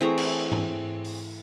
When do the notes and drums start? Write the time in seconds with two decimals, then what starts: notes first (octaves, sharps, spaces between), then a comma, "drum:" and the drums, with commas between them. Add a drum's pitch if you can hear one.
0.01 E3 A3 C4 G#4 A#5 C#6
0.18 drum: cymbal
0.52 drum: tom G#2
1.05 drum: open hi-hat